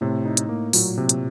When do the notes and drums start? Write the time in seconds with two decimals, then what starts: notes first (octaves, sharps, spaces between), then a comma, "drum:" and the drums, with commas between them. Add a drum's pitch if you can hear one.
0.01 A2 C3
0.26 D#4
0.37 drum: hi-hat
0.49 A#3
0.73 A#2 F#3, drum: open hi-hat
0.97 C3
1.09 drum: hi-hat